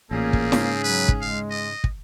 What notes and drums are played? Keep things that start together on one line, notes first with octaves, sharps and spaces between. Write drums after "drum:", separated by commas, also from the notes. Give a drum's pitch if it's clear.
A1 A#2 A#3 C4 C#4 G#4
drum: kick
G#2 C#3, drum: snare
F#3 B4
drum: kick
G#3 F5
D#5
drum: kick